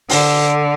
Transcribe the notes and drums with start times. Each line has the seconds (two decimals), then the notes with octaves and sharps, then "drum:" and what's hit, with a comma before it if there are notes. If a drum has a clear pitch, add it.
0.10 D3, drum: open hi-hat